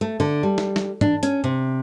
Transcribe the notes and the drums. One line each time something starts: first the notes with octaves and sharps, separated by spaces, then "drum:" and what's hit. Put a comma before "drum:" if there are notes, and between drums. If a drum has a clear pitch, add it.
A3
D3
G3
drum: snare
drum: snare
D4, drum: tom G#2
C#4, drum: hi-hat
C3